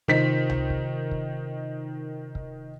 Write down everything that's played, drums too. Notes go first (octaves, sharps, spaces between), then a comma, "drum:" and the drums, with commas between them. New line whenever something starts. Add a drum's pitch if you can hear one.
C3 D#3 D#4 F4 C5 B6
drum: tom C2
drum: kick
drum: kick
drum: kick